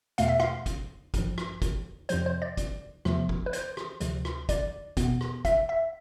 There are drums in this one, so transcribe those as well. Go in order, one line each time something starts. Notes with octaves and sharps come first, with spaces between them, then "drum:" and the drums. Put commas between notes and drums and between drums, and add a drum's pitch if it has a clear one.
E2 B2 A3 F5, drum: hi-hat
E5
F5, drum: rim click
drum: kick, hi-hat
A1 G2 F3, drum: kick, hi-hat
drum: rim click
drum: kick, hi-hat
F2 C3 F3 C5, drum: hi-hat
C5
D5
drum: kick, hi-hat
E2 C3 F3 A3, drum: rim click
drum: kick
B4
C5, drum: hi-hat
drum: rim click
D2 C3 F3, drum: hi-hat
drum: rim click
D5, drum: kick, hi-hat
E2 B2 B3, drum: kick, hi-hat
drum: rim click
E5, drum: kick, hi-hat
E5